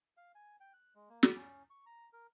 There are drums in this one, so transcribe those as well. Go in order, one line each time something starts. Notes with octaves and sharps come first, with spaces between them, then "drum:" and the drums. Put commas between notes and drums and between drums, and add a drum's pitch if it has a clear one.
F5
G#5
G5
F#6
G#3
A#3
drum: snare
C#4
C#6
A#5
A#4